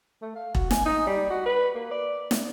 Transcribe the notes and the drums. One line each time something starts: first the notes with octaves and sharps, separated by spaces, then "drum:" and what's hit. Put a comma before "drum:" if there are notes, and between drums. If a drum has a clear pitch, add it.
A3
F5
F#4, drum: kick E1
G#5, drum: snare
D#4
G3
F#4
B4
A#3
D5
drum: snare